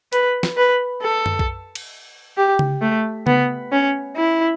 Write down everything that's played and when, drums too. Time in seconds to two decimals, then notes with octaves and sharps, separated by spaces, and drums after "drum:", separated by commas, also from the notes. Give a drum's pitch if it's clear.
0.13 B4, drum: hi-hat
0.43 drum: snare
0.57 B4
1.02 A4
1.26 drum: tom F#2
1.39 drum: kick B1
1.75 drum: cymbal
2.37 G4
2.59 drum: tom C#3
2.82 A3
3.27 B3, drum: tom C#3
3.72 C#4
4.17 E4